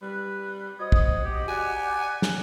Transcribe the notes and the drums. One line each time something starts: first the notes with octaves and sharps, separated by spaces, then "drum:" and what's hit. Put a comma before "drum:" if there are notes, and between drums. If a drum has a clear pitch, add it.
G3 B4
F#4 C5 D#5 D#6 G#6
drum: kick
G4 D#5
D5 F#5 G#5 F#6
drum: snare